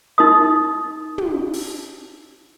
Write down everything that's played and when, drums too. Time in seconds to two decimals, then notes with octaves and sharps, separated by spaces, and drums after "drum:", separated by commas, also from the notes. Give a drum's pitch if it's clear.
0.18 D#4 A#4 D#6
1.18 drum: tom
1.53 drum: open hi-hat